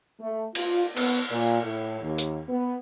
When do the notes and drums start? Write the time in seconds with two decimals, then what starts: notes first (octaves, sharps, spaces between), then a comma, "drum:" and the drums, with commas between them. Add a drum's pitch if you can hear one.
0.20 A3
0.55 F4, drum: cymbal
0.97 B3, drum: cymbal
1.31 A#2
1.63 A2
2.02 D#2
2.18 drum: hi-hat
2.48 B3